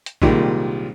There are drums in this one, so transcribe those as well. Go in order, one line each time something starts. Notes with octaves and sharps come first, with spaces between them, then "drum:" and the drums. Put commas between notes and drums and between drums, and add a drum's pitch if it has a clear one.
drum: hi-hat
C2 A#2 D#3 G3 G#3, drum: kick A1